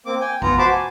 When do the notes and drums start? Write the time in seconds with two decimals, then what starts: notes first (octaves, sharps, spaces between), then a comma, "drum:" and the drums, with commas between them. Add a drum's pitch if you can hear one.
0.06 A#3 C4 D6
0.20 G5 G#5
0.42 B3 F4 A#5, drum: kick G#1
0.58 F#4 C5 A5 B5 D6
0.71 G#5